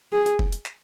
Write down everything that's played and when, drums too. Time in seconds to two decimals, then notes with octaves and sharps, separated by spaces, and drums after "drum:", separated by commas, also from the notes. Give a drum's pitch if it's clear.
0.13 G#4
0.26 drum: hi-hat
0.39 drum: kick F1
0.52 drum: hi-hat
0.66 drum: clap